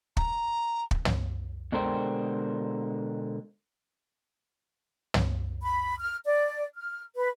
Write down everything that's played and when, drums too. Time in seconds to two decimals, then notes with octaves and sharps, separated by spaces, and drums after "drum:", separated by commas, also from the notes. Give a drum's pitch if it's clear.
0.17 A#5, drum: kick
0.91 drum: kick
1.05 drum: tom
1.72 B2 D3 G#3 A#4 C5 G5
5.14 drum: tom
5.62 B5
5.99 F6
6.24 D5
6.75 F6
7.16 B4